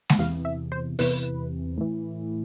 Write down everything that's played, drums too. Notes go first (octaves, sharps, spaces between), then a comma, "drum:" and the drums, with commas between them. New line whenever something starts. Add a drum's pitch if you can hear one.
drum: snare G#3
E2 C3 E3 F5
E5
C5
E2 C3 E3 B4, drum: open hi-hat
A2 E3